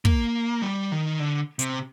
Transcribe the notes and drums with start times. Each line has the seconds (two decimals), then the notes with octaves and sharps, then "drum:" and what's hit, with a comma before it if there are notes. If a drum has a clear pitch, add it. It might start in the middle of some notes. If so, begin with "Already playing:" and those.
0.05 A#3, drum: kick
0.62 G3
0.92 D#3
1.20 D3
1.59 C3, drum: hi-hat